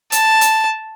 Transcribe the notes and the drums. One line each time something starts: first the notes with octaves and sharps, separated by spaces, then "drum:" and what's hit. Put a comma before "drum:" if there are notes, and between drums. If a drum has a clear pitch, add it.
A5, drum: hi-hat
drum: hi-hat